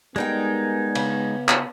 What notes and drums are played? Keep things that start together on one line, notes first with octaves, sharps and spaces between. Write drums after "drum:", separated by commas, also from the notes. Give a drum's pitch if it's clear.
G3 G#3 B3 D#4 A#4 G5 G#5
C#3, drum: cymbal
drum: clap